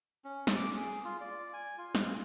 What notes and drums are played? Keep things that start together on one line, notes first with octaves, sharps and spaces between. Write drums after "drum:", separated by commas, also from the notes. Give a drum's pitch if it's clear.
C#4
drum: snare
D6
G#4
F4
D5
G#5
F4
drum: snare